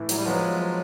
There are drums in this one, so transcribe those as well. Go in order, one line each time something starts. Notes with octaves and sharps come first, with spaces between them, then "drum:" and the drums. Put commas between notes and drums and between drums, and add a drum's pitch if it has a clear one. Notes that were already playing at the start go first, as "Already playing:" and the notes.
Already playing: A2 E3
F#3, drum: hi-hat
G3
F3 F#3 G#3 B3
F#3